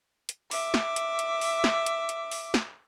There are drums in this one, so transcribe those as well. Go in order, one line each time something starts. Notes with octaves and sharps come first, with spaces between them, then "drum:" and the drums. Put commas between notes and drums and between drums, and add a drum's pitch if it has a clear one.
drum: hi-hat
E5 D6, drum: open hi-hat
drum: snare
drum: hi-hat
drum: hi-hat
drum: open hi-hat
drum: snare
drum: hi-hat
drum: hi-hat
drum: open hi-hat
drum: snare